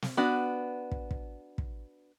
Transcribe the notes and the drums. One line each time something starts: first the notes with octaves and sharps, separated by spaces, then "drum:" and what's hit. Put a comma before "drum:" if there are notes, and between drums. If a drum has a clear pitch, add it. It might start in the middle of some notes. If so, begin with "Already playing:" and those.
drum: snare
B3 D4 F#4
drum: kick
drum: kick
drum: kick